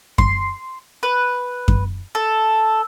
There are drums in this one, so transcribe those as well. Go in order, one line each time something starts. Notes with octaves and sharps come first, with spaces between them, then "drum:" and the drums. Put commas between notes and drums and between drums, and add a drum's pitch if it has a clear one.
C6, drum: kick F#2
B4
drum: kick F#2
A4